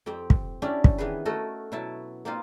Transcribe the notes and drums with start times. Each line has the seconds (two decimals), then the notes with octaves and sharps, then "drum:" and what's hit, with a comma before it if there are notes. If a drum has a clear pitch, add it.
0.06 F2 C4 G4 G5
0.30 drum: kick
0.62 C#4 D4 E4 G4
0.84 drum: kick
0.98 D#3 E3 B3 G#4 B4
1.25 A3 F#4 A4 A#4 D#5
1.72 B2 F#3 E4 E5 A5
2.25 A#3 C4 D#4 F4